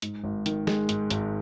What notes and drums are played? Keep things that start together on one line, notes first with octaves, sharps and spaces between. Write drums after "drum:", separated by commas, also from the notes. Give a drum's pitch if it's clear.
G#2, drum: hi-hat
G#1
D#3, drum: hi-hat
G#3, drum: snare
G#2, drum: hi-hat
G#1, drum: hi-hat